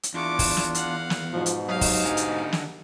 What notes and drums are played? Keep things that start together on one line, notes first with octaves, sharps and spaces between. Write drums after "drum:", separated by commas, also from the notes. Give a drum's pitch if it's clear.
drum: hi-hat
E2 D4 F4 C#6 D6
drum: kick, open hi-hat
drum: snare
F5 F#5, drum: hi-hat
drum: snare
G#2 B2 F3
drum: hi-hat
F#3 D#4 G4 F5
drum: kick, open hi-hat
D3 F#5 G#5
drum: hi-hat
drum: snare